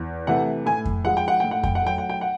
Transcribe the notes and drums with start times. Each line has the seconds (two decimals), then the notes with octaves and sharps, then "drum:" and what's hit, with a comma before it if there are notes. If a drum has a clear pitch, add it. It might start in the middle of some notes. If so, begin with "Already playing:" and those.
Already playing: E2
0.27 C3 E3 A3 F#5
0.66 A2 G#5
0.85 drum: kick F2
1.04 F3 G#3 F#5
1.17 G5
1.28 F#5
1.40 A2 G5
1.51 F#5
1.63 G5, drum: kick F2
1.75 F#5
1.82 F#3 A3 G5
1.98 F#5
2.10 G5
2.21 F#5